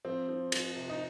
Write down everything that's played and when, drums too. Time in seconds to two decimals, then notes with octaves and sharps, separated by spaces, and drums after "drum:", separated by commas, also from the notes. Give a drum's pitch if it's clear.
0.05 F3 C4
0.28 F3
0.52 F3, drum: cymbal
0.76 C3
0.89 D#4